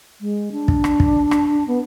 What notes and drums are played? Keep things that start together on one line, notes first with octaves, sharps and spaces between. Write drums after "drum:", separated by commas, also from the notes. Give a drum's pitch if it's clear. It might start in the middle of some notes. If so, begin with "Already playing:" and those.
G#3
D4
drum: kick
drum: rim click
drum: kick
drum: rim click
B3